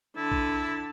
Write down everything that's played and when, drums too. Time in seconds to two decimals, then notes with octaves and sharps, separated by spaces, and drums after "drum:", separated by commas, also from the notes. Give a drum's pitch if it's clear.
0.16 D3 E4 A5
0.32 drum: kick A#1